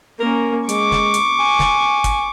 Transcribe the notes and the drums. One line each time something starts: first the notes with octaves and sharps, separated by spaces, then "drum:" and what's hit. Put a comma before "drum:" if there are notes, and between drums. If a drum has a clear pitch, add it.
A#3 C#4 A#4
G#3 C#6 D6, drum: hi-hat
drum: snare
drum: hi-hat
G#5
drum: snare
drum: kick, hi-hat